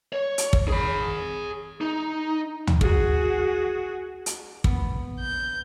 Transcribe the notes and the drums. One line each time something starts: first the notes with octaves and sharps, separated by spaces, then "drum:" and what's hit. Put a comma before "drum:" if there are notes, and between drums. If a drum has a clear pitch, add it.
C#5
drum: hi-hat
drum: kick
G#4 B5
D#4
drum: tom
F#4 G#4, drum: kick
drum: hi-hat
A#1 C#3 B3, drum: kick
G6